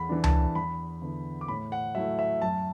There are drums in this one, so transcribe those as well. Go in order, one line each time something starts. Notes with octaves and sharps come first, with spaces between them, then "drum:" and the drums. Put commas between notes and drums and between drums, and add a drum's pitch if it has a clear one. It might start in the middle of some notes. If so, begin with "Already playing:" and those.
Already playing: E2 B5
E3 D4
A5, drum: tom C#2
E2 B5
D3 B3 E4
D6
A2 B5
F#5
F#3 A3 E4 E5
E5
F#2 A5